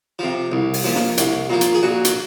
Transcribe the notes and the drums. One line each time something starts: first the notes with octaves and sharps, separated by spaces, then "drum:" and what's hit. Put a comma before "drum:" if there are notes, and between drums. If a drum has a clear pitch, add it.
C3 F3
C2
drum: open hi-hat
A#2 F3
drum: snare
C2, drum: hi-hat
A#2 F3
drum: hi-hat
G#4
A#1 F#4
drum: hi-hat